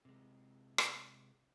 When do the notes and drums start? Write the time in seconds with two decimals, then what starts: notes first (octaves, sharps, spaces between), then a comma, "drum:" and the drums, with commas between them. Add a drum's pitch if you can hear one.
0.05 C3 G#3
0.78 drum: rim click